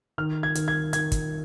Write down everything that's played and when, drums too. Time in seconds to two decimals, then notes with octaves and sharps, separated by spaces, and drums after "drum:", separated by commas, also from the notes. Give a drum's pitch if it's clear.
0.18 D#3 F6
0.43 G#6
0.55 D#3, drum: hi-hat
0.68 G#6
0.93 D#3 G#6, drum: hi-hat
1.12 drum: kick, hi-hat